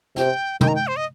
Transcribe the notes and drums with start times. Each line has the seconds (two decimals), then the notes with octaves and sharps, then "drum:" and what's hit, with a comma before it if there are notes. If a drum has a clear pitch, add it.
0.16 C3 G5, drum: snare
0.61 D#3 G5, drum: tom
0.68 A#5
0.75 G5
0.87 C5
0.96 D#5